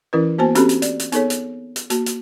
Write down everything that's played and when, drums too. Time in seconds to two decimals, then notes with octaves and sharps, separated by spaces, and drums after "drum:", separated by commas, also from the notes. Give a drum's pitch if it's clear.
0.13 E3 C#4 E4 A#4 B4
0.38 A#3 B3 F#4 C5 G#5 A5
0.55 C4 C#4 F#4 G4 A4 B5, drum: hi-hat
0.69 drum: hi-hat
0.82 D5, drum: hi-hat
0.99 drum: hi-hat
1.12 B3 D#4 G#4 A4 C#5, drum: hi-hat
1.30 drum: hi-hat
1.76 drum: hi-hat
1.90 A#3 F#4, drum: hi-hat
2.06 drum: hi-hat